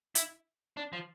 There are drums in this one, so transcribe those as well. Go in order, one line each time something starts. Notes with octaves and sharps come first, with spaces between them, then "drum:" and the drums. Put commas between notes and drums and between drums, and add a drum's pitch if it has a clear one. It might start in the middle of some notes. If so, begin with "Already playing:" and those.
E4, drum: hi-hat
D4
F3